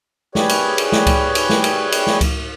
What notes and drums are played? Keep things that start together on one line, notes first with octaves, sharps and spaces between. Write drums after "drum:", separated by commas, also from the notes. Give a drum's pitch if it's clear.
G4 G#4 B4 C#5 D5, drum: snare
drum: cymbal
drum: cymbal
drum: snare
drum: kick C#2, cymbal
drum: cymbal
drum: snare
drum: cymbal
drum: cymbal
drum: snare
drum: kick C#2, cymbal